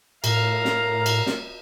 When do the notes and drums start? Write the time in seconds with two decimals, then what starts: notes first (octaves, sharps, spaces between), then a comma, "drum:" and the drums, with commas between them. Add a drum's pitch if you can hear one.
0.24 A2 A#4 F5 A#5, drum: cymbal
0.65 drum: snare
1.06 drum: cymbal
1.26 drum: snare